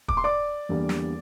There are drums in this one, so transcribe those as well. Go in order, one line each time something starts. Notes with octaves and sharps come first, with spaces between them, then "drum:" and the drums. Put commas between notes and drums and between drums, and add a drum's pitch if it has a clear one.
D6, drum: kick
C6
D5 D6
E2 D3 G3 A#3
drum: snare